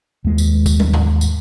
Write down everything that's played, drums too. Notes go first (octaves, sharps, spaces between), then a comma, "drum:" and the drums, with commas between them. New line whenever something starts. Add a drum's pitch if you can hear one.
D#2 G#3
drum: tambourine
drum: kick, tambourine
drum: tom
drum: tom G#2
drum: tambourine